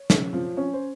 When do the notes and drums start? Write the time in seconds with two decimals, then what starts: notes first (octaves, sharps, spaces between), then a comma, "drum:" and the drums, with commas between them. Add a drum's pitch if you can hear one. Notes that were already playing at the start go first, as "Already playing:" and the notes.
Already playing: C#5
0.10 C#3, drum: snare
0.33 F3
0.57 C#4 C#5
0.73 C5